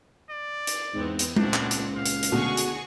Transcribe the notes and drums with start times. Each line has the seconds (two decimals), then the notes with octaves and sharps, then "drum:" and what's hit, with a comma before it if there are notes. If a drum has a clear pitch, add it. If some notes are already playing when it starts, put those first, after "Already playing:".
0.29 D5
0.67 drum: hi-hat
0.93 E2 G#2 B3 C4
1.19 drum: hi-hat
1.36 C#2 A#2 C4 D4 F#5, drum: tom G#3
1.54 drum: clap
1.71 drum: hi-hat
1.96 F5
2.06 drum: hi-hat
2.23 drum: hi-hat
2.32 B2 D3 A3 F#4 G#4 C#6
2.57 drum: hi-hat